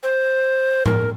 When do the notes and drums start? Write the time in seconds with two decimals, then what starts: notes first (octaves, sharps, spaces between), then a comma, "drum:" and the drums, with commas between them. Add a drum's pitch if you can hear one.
0.03 C5
0.86 A#4, drum: tom A2